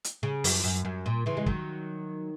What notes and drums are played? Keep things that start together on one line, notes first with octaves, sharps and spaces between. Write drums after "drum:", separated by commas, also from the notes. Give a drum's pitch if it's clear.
drum: hi-hat
C#3
F#2, drum: open hi-hat
F#2
F#2
A#2
C#3 E3
G#3
D#3 F#3, drum: kick